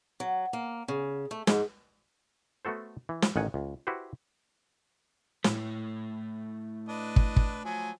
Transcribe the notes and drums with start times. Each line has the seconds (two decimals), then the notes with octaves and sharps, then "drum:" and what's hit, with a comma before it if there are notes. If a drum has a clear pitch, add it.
0.20 F#3
0.53 A#3
0.88 C#3
1.31 A3
1.47 G#2, drum: snare
2.65 A3 B3 F#4 A4 C5
3.09 E3
3.22 drum: snare
3.36 A1 D#3 F#5 G#5
3.54 C#2
3.87 E4 F#4 G4 B4 C5
5.44 A2 A3 C#5, drum: snare
6.88 D4 B4 D#5
7.16 drum: kick
7.36 drum: kick
7.65 F3 F#3 G#5